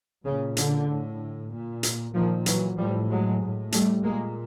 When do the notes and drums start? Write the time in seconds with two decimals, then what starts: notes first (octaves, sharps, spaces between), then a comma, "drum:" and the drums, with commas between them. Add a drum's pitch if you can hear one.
0.25 A#2 C#3
0.57 D3, drum: hi-hat
0.88 A2
1.52 A#2
1.83 drum: hi-hat
2.14 A#2 D#3 F3
2.46 E3 F#3, drum: hi-hat
2.78 A2 F3 G3
3.09 F#3 G#3
3.41 A2
3.72 G3 A3, drum: hi-hat
4.03 A#2 G#3 A#3